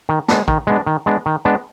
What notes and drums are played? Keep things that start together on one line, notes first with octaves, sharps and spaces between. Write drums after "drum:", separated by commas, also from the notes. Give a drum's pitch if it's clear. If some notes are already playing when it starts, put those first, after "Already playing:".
D#3
G#3 B3 D4, drum: snare
D#3, drum: kick
G#3 B3 D4
D#3
G#3 B3 D4
D#3
G#3 B3 D4